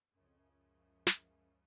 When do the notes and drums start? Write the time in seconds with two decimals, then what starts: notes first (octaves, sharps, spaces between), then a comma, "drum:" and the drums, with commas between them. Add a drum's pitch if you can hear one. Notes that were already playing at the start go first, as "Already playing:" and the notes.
0.15 C#2 F#2 C#3 F3
0.27 F2
0.38 F#2
0.51 F#2
1.07 drum: snare